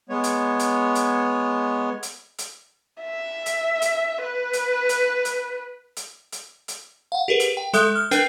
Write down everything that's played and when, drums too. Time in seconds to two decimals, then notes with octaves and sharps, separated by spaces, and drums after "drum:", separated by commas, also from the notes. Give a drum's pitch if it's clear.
0.09 G#3 B3 C#5
0.24 drum: hi-hat
0.59 drum: hi-hat
0.95 drum: hi-hat
2.03 drum: hi-hat
2.38 drum: hi-hat
3.02 E5
3.46 drum: hi-hat
3.82 drum: hi-hat
4.22 B4
4.53 drum: hi-hat
4.89 drum: hi-hat
5.25 drum: hi-hat
5.96 drum: hi-hat
6.32 drum: hi-hat
6.68 drum: hi-hat
7.12 F5 F#5
7.28 G4 G#4 A#4 B4
7.40 drum: hi-hat
7.57 G5
7.73 G#3 A4 E5 D#6 F#6 G6, drum: hi-hat
7.95 F6
8.11 D4 A#4 B4 G5 G6, drum: hi-hat